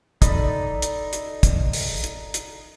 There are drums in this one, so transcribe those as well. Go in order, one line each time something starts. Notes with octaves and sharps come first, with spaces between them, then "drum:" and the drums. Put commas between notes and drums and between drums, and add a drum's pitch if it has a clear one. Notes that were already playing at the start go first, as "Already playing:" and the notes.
D#4 A4 D5 B5, drum: kick, hi-hat
drum: hi-hat
drum: hi-hat
drum: kick, hi-hat
drum: open hi-hat
drum: hi-hat
drum: hi-hat